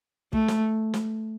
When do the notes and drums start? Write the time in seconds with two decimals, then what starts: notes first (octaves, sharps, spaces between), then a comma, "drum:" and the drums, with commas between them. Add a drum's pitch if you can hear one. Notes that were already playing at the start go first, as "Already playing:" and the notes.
0.33 A3, drum: kick
0.48 drum: snare
0.94 drum: snare